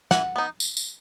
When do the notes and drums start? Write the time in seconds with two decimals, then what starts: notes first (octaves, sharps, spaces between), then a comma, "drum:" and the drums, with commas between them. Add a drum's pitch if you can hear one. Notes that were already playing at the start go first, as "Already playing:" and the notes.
0.11 E3 F#5, drum: snare
0.36 B3 D#4
0.60 drum: tambourine
0.77 drum: tambourine